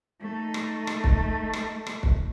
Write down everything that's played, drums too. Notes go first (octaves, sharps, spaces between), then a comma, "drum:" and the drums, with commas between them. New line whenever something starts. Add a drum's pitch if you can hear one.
A3 D#4
drum: rim click
drum: rim click
drum: kick
drum: rim click
drum: rim click
drum: kick